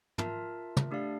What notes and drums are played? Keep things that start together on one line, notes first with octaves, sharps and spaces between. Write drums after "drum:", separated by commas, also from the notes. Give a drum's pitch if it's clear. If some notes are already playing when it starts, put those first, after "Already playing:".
F4 A#4 E5 A5, drum: tom
drum: tom
A3 D4 G4 D5 F5